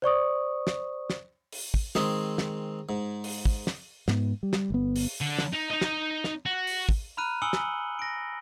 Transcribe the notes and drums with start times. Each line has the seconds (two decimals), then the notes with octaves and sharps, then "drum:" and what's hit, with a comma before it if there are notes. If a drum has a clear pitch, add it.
0.02 C5 D5 C#6 D#6
0.67 drum: snare
1.10 drum: snare
1.52 drum: open hi-hat
1.74 drum: kick
1.95 D#3 G#3 C4 G#4, drum: snare
2.38 drum: snare
2.89 G#2
3.24 drum: open hi-hat
3.46 drum: kick
3.67 drum: snare
4.08 G#2 B3, drum: snare
4.43 G3
4.53 drum: snare
4.70 G1 B3
4.96 drum: open hi-hat
5.21 D3
5.39 drum: snare
5.54 D#4
5.71 D#4 D#5
5.81 drum: snare
6.24 drum: snare
6.46 F#4
6.67 drum: open hi-hat
6.89 drum: kick
7.17 A#5 B5 F6 F#6 D#7
7.42 G#5 D#6 E6 C#7 F#7 G7
7.53 drum: snare
7.99 A#6 D7